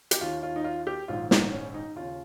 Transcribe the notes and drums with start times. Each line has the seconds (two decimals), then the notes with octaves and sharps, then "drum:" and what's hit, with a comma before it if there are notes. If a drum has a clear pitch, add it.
0.11 G4, drum: hi-hat
0.21 D#2 D#3 F4
0.43 F4
0.56 D#4
0.64 F4
0.87 G4
1.08 A#1 G#2 D#3 F4
1.31 D#4, drum: snare
1.52 C#4
1.74 D#4
1.95 D#2 C#3 F4